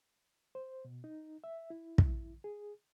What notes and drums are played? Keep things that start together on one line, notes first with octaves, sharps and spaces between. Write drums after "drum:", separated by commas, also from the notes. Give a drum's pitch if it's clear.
C5
B2
D#4
E5
E4
drum: kick
G#4